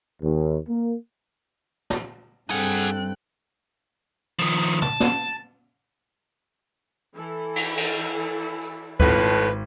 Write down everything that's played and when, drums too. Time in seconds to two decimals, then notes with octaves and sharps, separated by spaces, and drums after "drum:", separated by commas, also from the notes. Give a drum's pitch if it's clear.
0.22 D#2
0.69 A#3
1.90 drum: snare
2.50 G2 C4 G#4 A4 F#5 G5 F#6
4.39 D#3 F3
4.82 A5, drum: tom
5.00 drum: snare
7.15 E3 E4 A4
7.56 drum: cymbal
7.77 drum: cymbal
8.62 drum: tambourine
9.00 G#1 F2 A2 B4, drum: kick D2